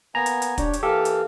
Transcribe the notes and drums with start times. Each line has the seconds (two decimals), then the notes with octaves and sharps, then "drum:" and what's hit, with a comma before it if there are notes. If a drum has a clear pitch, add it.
0.15 A#3 B3 G#5 A#5
0.26 drum: hi-hat
0.42 drum: hi-hat
0.58 D4 G4 C#5, drum: kick, hi-hat
0.73 drum: hi-hat
0.83 E3 A#3 G4 A4 F5
1.05 drum: hi-hat